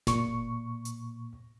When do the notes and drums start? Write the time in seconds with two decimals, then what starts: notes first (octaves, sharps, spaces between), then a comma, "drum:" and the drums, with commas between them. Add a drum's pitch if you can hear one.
0.07 A#2 C#6, drum: snare F#1
0.85 drum: hi-hat